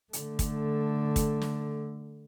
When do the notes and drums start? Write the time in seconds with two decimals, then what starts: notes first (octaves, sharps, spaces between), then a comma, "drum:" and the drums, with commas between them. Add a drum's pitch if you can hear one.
0.13 D3 A3, drum: hi-hat
0.39 drum: kick, hi-hat
1.16 drum: kick, hi-hat
1.41 drum: snare